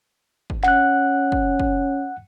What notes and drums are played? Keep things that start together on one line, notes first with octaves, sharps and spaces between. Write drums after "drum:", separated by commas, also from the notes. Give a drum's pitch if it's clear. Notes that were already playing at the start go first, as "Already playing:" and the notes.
drum: kick
C#4 F#5 F#6, drum: clap
drum: kick
drum: kick